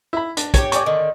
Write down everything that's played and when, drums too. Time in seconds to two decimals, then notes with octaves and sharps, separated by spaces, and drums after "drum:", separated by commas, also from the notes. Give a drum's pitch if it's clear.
0.13 E4 B5
0.37 D4, drum: hi-hat
0.54 G4 A#4 C#5, drum: kick, hi-hat
0.72 D5 G#5 C#6, drum: hi-hat
0.86 D3 D#3